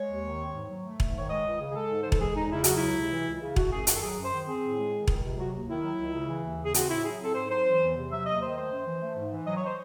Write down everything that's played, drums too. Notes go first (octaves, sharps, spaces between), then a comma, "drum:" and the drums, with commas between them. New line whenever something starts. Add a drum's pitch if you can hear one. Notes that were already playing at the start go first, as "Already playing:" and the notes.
Already playing: G#3 C#5
D#2
D#3
C4
G#2
F#3
A3
G#2, drum: kick E1
D#3 C#5
G#3 D#5
C#2
C#3
G#4
G#3 A4
G#2
E3 C5
A4, drum: kick E1
G#3 G#4
E2 D#4
C#3 E4
F#3 F#4, drum: hi-hat
E4
C#2
C3
E3
C#2
C#3
A3 F#4, drum: kick E1
F#2 G#4
D#3 F#4, drum: hi-hat
A4
F#3 G#4
F#2
C5
D#3
C4 G#4
A2
G#3
D#3
C#2, drum: kick E1
C3
F#3 F#4
D#2
D#3 E4
F#3
C#2
C#3
E3
D#2
C#3 G#4
C4 F#4, drum: hi-hat
A2 E4
F#3 G#4
C4 A4
G#2 C5
F#3 C5
E3
E2
C3
F#3 E5
D#2 D#5
D#3 C5
A3 C5
F#2
E3
A3
G#2
E3
F#3 D#5
C#5
C5